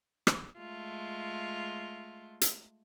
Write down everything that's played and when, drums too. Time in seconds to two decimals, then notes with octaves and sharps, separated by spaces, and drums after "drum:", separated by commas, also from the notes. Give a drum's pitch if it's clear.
0.27 drum: rim click
0.59 G#3 A3 F4
2.41 drum: hi-hat